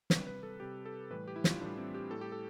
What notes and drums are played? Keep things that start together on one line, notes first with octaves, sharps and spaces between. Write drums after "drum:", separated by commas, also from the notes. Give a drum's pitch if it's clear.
C3 G3 B4, drum: snare
B4
A4
C3 G3 G4
A4
A2 E3 G3 B4
G4
E4
F4, drum: snare
A2 E3 G3 D4
C4
G4
A2 G3 A4
G4
A4